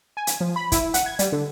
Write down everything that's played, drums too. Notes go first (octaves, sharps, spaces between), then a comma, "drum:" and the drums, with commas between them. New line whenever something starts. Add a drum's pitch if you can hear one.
G#5
drum: hi-hat
F3
B5
E4, drum: kick, hi-hat
F#5, drum: hi-hat
G#6
G3, drum: hi-hat
D3